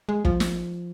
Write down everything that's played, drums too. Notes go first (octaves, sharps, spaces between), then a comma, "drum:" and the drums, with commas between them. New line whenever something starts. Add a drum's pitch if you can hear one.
G#3
F3, drum: kick
drum: snare